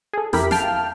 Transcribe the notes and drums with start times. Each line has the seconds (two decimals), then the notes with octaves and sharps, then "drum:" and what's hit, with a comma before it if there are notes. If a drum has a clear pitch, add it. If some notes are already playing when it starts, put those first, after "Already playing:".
0.13 G#4 A4
0.33 F2 E4 G4 A#4 B5 B6, drum: snare
0.51 F5 G5 A5 F6, drum: snare